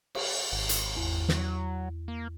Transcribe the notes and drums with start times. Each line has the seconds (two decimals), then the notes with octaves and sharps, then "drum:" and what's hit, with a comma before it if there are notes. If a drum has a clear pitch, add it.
0.15 drum: cymbal
0.52 G#1
0.69 drum: hi-hat
0.97 E2
1.29 F#3, drum: snare
2.08 A#3